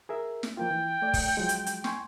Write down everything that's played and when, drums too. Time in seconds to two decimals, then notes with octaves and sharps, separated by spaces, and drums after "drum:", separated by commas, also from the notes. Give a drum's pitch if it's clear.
0.09 G#4 A#4 E5
0.43 drum: snare
0.57 F3 A#3 F4 G5
0.71 E3
1.02 A3 D5
1.14 drum: kick, open hi-hat
1.37 F3 F#3 G#3
1.49 drum: hi-hat
1.66 drum: hi-hat
1.84 G#5 C6 C#6, drum: snare